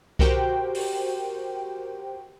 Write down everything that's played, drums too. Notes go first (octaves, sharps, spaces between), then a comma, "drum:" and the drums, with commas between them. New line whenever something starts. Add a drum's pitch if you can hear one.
F#4 G4 A#4 C5 G5, drum: kick C2
drum: open hi-hat